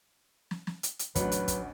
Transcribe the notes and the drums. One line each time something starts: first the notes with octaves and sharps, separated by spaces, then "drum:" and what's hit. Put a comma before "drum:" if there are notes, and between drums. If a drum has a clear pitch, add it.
drum: snare
drum: snare
drum: hi-hat
drum: hi-hat
A1 D2 F#3 B4, drum: kick, hi-hat
drum: hi-hat
drum: kick, hi-hat